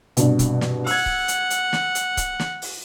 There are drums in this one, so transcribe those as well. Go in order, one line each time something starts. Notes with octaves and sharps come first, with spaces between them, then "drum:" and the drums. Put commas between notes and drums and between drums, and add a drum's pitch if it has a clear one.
C2 G2 B2, drum: hi-hat
drum: kick C#1, hi-hat
drum: snare
F#5 E6 G#6, drum: open hi-hat
drum: kick C#1
drum: hi-hat
drum: hi-hat
drum: snare
drum: hi-hat
drum: kick C#1, hi-hat
drum: snare
drum: open hi-hat